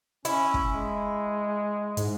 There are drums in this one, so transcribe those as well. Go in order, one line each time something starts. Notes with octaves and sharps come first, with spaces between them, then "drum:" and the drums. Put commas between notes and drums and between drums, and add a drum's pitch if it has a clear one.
C#4 E4, drum: hi-hat
drum: kick
G#3
G#2, drum: hi-hat